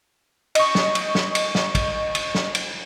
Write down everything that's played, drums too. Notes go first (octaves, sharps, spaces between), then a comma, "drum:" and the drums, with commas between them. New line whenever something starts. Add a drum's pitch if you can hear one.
D#5 C#6, drum: cymbal
drum: snare
drum: cymbal
drum: snare
drum: cymbal
drum: snare
drum: kick, cymbal
drum: cymbal
drum: snare
drum: cymbal